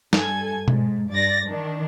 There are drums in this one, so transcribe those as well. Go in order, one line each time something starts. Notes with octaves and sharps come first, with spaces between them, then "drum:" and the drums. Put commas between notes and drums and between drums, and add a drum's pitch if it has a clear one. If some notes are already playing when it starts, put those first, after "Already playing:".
G2 A4 G#5 G#6, drum: snare
G#2, drum: tom B2
G2 D5 A6 A#6
D#3 D4